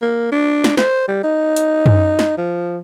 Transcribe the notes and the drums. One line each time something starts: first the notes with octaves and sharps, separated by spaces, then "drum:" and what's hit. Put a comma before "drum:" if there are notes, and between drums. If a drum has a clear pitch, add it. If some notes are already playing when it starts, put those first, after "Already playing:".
A#3
D4
drum: snare
C5, drum: snare
G3
D#4
drum: hi-hat
drum: tom F#2
drum: snare
F3